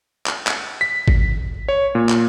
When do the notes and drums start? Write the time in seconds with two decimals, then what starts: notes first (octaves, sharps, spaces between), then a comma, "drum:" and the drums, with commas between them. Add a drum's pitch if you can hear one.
0.26 drum: clap
0.47 drum: clap
0.81 B6
1.08 drum: kick G#1
1.68 C#5
1.95 A#2
2.09 drum: clap